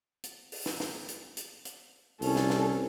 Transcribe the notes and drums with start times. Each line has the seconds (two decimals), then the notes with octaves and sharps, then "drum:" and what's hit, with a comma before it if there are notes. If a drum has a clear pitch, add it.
0.23 drum: hi-hat
0.52 drum: open hi-hat
0.66 drum: snare
0.80 drum: snare
1.08 drum: hi-hat
1.37 drum: hi-hat
1.65 drum: hi-hat
2.22 C2 C#4 A4, drum: open hi-hat
2.36 drum: snare
2.50 drum: snare